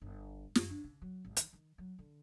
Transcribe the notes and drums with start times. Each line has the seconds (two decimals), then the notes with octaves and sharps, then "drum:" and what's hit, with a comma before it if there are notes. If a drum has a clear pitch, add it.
0.01 G1
0.55 F#2, drum: snare
0.70 D4
0.84 C#3
1.02 F#3
1.25 G#1
1.37 D#3, drum: hi-hat
1.53 D#3
1.78 F#3
1.99 D3